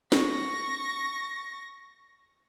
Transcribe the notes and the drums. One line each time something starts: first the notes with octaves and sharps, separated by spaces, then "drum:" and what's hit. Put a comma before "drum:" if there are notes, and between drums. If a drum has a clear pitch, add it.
C#6 A#6, drum: snare